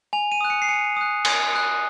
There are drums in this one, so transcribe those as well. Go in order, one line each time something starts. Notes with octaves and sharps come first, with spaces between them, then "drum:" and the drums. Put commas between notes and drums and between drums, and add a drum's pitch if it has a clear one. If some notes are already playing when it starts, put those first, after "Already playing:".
G#5 F7
D#7
D#6 F#6
C#7
C7
G#5 C#7
D#6 F#6
G#5, drum: cymbal
D#6 F#6